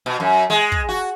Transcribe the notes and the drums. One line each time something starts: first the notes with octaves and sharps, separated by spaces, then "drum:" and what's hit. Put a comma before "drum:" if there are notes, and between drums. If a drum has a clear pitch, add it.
B2
F#2
G#3
drum: kick
F#4